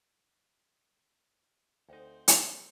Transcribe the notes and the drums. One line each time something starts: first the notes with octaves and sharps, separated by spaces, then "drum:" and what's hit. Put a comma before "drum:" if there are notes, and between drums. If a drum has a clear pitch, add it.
D2 C4 D#4 A4 C5 G5
drum: hi-hat